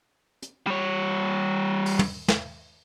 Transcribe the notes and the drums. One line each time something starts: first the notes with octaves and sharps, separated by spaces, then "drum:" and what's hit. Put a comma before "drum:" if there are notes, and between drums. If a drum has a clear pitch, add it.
drum: hi-hat
G3 C#5
drum: open hi-hat
drum: tom
drum: snare